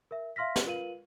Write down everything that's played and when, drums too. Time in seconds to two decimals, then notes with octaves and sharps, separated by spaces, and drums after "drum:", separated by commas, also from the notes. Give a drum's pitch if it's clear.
0.11 A#4 E5
0.36 E5 F5 C6 F6 A#6 B6
0.56 drum: snare
0.66 F4 A#4 B4 F5 D#7 F#7